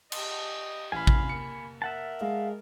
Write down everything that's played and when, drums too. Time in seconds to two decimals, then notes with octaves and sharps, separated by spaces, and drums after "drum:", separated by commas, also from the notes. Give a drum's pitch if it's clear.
0.12 G4 D#5, drum: cymbal
0.92 A1 F5 G#5 B5
1.07 drum: kick A1
1.29 A#3 C#7
1.82 A#4 E5 F#5 A5
2.21 G#3 F5